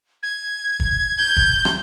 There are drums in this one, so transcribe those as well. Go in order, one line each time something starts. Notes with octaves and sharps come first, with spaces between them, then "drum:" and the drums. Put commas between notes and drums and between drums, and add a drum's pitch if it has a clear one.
G#6
drum: kick
G6
drum: kick
drum: rim click